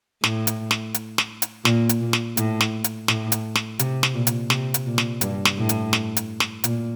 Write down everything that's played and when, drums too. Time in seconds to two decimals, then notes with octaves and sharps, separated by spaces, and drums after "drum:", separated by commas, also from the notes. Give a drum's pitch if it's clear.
0.24 A2, drum: snare
0.47 drum: hi-hat
0.71 drum: snare
0.94 drum: hi-hat
1.18 drum: snare
1.42 drum: hi-hat
1.65 A#2, drum: snare
1.89 drum: hi-hat
2.01 A#2
2.13 drum: snare
2.37 A2, drum: hi-hat
2.61 drum: snare
2.84 drum: hi-hat
3.08 A2, drum: snare
3.32 drum: hi-hat
3.55 drum: snare
3.79 C3, drum: hi-hat
4.03 drum: snare
4.14 A#2
4.27 drum: hi-hat
4.50 C3, drum: snare
4.74 drum: hi-hat
4.86 A#2
4.98 drum: snare
5.21 G2, drum: hi-hat
5.45 drum: snare
5.58 A2
5.69 drum: hi-hat
5.93 drum: snare
6.17 drum: hi-hat
6.40 drum: snare
6.64 A#2, drum: hi-hat